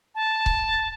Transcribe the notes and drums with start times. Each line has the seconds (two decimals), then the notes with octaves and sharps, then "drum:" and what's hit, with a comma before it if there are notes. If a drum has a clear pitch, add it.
0.15 A5
0.46 drum: kick C#1